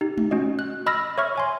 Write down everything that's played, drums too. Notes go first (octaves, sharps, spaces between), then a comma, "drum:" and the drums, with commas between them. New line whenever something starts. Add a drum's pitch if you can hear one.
D#4 G4
drum: tom G#3
C#4 F#4 D#5
F#6
D#5 B5 E6 F6 A#6
C#5 E5 C#6 F6
C#5 G#5 C6